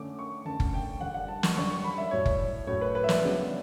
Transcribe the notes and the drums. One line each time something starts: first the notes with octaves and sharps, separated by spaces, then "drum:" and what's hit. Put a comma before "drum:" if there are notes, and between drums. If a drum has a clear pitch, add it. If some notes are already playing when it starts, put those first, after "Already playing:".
Already playing: D3 A3 C#4 D6
C#6
D3 A3 C#4 A5
drum: kick F#1
G5
D3 G3 D4 F#5
F#5
A5
C#6, drum: snare
D3 G3 D4 C#6
C#6
B5
E5
A2 F#3 A3 C#5
drum: kick F#1
A2 F#3 A3 C#5
B4
B4
E5
D5, drum: snare
C#3 F#3 B3 D4